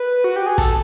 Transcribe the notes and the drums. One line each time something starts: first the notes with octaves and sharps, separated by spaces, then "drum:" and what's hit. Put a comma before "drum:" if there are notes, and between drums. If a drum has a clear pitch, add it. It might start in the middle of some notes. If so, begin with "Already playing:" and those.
Already playing: B4
F#4
G4
G#4
A4, drum: kick, hi-hat